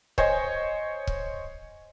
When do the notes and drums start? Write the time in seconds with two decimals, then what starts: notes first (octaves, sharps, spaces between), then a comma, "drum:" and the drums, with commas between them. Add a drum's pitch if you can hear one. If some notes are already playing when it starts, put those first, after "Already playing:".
0.18 C5 C#5 D#5 G#5, drum: kick
1.07 drum: kick